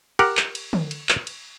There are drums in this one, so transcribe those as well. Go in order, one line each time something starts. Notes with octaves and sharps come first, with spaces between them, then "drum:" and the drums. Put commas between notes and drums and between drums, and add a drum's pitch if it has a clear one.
G4 A#4 F#5, drum: cymbal
drum: clap
drum: cymbal
drum: tom
drum: cymbal
drum: clap
drum: cymbal